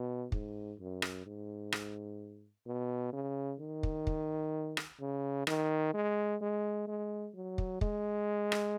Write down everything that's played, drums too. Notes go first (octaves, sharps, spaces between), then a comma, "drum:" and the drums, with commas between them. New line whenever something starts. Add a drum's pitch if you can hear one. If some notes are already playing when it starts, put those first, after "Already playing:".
Already playing: B2
G#2, drum: kick
F#2
drum: rim click
G#2
drum: rim click
B2
C#3
D#3
drum: kick
drum: kick
drum: rim click
C#3
D#3, drum: rim click
G#3
G#3
G#3
F#3
drum: kick
G#3, drum: kick
drum: rim click